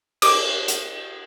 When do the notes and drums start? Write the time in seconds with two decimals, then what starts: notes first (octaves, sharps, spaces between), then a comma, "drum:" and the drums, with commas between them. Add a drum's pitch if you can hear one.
0.22 D6, drum: cymbal
0.68 drum: hi-hat